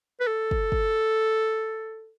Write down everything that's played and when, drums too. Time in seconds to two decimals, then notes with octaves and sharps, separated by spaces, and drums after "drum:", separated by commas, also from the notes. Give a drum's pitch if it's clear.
0.20 B4
0.27 A4
0.51 drum: kick
0.72 drum: kick